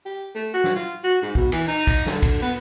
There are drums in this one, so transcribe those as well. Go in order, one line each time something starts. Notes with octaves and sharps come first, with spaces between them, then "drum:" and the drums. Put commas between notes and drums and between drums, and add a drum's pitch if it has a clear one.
G4
A3
F#4
drum: snare
F4
F#4
G#2
B2, drum: kick
E3, drum: cymbal
D#4
drum: kick, cymbal
D3, drum: snare
drum: kick, cymbal
B3